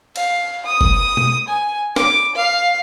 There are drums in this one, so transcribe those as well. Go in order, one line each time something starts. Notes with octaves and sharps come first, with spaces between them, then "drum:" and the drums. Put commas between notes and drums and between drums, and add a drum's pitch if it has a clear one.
F5, drum: cymbal
D#6
drum: kick F#1
drum: tom B2
G#5
D6, drum: snare
F5